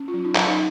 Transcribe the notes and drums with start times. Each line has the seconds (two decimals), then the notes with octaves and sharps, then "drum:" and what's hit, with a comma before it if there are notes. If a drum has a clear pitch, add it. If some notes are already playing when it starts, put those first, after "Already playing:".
Already playing: C#4
0.08 F4
0.14 F#3
0.25 D#4
0.35 F#3, drum: clap
0.41 D#4